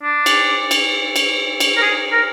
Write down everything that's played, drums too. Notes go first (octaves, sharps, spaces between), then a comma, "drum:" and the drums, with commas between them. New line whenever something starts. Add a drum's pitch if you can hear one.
D4
drum: cymbal
drum: cymbal
drum: cymbal
drum: cymbal
A#4
G#4
A#4